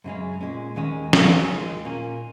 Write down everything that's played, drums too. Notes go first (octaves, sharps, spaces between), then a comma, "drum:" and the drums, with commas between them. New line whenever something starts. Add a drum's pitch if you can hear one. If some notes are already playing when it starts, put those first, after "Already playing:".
F#2 C#3 G#3 C#4
A#2 G#3 C#4
D#2 D#3 G#3 C#4
C#3 F#3 C#4, drum: snare
D#2 D#3 G#3
A#2 A#3 C#4